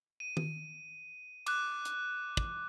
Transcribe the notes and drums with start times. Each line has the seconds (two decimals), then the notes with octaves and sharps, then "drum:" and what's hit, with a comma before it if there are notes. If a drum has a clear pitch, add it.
0.20 D#7
0.37 drum: tom D#3
1.46 D6 F#6, drum: cymbal
1.85 drum: hi-hat
2.37 drum: kick